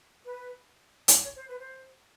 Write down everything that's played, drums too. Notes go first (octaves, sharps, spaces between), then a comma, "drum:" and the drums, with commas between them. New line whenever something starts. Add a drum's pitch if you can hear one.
B4
C5, drum: hi-hat
C#5
C5
B4
C5